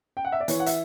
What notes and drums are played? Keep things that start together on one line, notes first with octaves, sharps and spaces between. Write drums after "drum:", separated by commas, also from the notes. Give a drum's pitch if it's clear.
G5
F#5
E5
D5
E3 C#5, drum: hi-hat
F#5
E5, drum: hi-hat